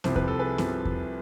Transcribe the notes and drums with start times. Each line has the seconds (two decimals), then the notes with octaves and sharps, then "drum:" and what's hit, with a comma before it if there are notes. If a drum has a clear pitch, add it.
0.04 C2 C3 F3 C5, drum: snare B3
0.16 B4, drum: kick E2
0.28 A4
0.39 G#4 B4
0.58 C2 C3 F3, drum: snare B3
0.85 drum: kick E2